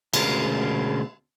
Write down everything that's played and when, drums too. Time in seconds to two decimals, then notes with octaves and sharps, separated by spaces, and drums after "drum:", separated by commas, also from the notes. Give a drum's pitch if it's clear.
0.14 D2 B2 G#3 C#4 F4 A#4, drum: cymbal